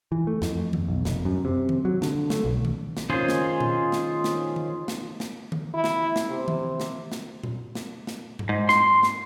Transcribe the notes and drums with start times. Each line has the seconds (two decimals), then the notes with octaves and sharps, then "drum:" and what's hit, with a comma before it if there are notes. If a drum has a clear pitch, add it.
0.12 E3
0.27 A3
0.42 F2, drum: snare
0.73 drum: tom D#3
0.88 B1
1.05 F1, drum: snare
1.25 F#2
1.45 C3
1.69 drum: tom D#3
1.85 F#3
2.02 D3, drum: snare
2.30 A3, drum: snare
2.45 B1
2.65 drum: tom D#3
2.97 drum: snare
3.10 D#3 C#4 F4 G#4 C5
3.29 drum: snare
3.60 drum: tom A#2
3.92 drum: snare
4.24 drum: snare
4.56 drum: tom D#3
4.88 drum: snare
5.20 drum: snare
5.52 drum: tom D#3
5.74 E4
5.84 drum: snare
6.16 drum: snare
6.29 C3
6.48 drum: tom D#3
6.80 drum: snare
7.12 drum: snare
7.43 drum: tom A#2
7.75 drum: snare
8.07 drum: snare
8.39 drum: tom G#2
8.49 G#2
8.69 C6, drum: snare
9.03 drum: snare